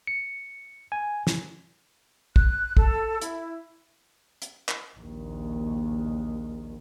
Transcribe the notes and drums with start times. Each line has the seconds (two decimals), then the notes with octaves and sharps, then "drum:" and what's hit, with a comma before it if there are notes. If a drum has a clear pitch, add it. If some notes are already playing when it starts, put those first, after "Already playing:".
0.07 C#7
0.92 G#5
1.27 drum: snare
2.36 F#6, drum: kick
2.77 A4, drum: kick
3.22 E4, drum: hi-hat
4.42 drum: hi-hat
4.69 drum: clap
4.97 A#1 D#2